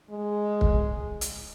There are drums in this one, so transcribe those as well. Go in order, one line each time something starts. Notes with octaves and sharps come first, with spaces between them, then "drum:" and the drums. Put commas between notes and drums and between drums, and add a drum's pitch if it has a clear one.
G#3
drum: kick
drum: hi-hat